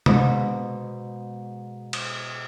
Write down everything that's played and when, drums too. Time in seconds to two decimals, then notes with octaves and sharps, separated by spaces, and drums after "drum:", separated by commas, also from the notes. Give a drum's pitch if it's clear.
0.06 G#2 B2, drum: tom C3
1.93 drum: cymbal